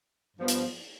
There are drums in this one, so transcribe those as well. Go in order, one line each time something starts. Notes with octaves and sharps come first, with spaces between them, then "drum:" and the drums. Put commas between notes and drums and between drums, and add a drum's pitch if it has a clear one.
G2 F3 B3
drum: hi-hat